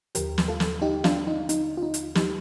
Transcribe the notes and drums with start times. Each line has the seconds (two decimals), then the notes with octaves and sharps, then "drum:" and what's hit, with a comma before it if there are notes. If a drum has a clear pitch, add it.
0.15 D#2 D3 F3 G4 A#4, drum: hi-hat
0.38 drum: snare
0.48 F4 A4
0.60 drum: snare
0.82 D#4 G4
1.04 D4 F4, drum: snare
1.27 D#4
1.49 D#4, drum: hi-hat
1.77 F4
1.83 D#4
1.94 drum: hi-hat
2.15 D#4 G4, drum: snare